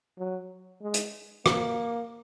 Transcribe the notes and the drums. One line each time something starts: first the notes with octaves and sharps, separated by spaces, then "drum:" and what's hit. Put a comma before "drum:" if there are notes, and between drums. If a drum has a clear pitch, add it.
F#3
G#3
drum: hi-hat
A#3, drum: rim click